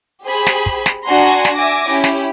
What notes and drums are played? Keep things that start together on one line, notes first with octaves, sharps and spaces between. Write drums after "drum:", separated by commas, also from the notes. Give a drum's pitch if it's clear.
G4 G#4 C5 B5
drum: snare
drum: kick
drum: snare
D4 F#4 F#5 G#5 A#5 C6
drum: snare
E5 G#5 D6 A#6
C#4 E4 G4
drum: snare